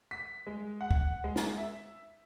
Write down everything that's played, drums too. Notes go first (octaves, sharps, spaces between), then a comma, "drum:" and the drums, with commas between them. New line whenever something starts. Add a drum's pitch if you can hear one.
B6
G#3
F#5
drum: kick
G#3
drum: snare
E5